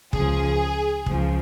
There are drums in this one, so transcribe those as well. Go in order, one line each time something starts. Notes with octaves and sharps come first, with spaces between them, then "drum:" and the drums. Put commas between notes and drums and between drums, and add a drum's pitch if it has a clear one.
C#2 C#3 F3 G#4, drum: kick
C#2 C#3 F3, drum: kick